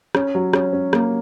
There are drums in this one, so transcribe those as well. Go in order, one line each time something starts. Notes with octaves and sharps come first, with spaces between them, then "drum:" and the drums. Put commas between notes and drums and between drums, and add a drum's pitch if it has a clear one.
C#4, drum: rim click
F#3
C#4, drum: rim click
C#4
A#3, drum: rim click